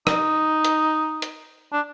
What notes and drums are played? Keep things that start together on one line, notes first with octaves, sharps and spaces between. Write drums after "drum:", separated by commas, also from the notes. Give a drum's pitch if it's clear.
D#4, drum: rim click
drum: hi-hat
drum: hi-hat
D4